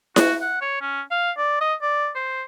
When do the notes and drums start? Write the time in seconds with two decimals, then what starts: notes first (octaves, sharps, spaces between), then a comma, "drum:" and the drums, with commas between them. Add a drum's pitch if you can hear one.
0.16 F#4, drum: snare E4
0.41 F#5
0.62 C#5
0.82 C#4
1.11 F5
1.37 D5
1.61 D#5
1.82 D5
2.16 C5